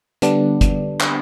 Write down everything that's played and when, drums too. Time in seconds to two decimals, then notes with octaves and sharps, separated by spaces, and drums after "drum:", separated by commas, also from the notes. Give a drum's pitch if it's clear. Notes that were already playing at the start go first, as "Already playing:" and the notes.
0.22 D3 G3 B3 D4, drum: hi-hat
0.61 drum: kick G1, hi-hat
1.01 drum: clap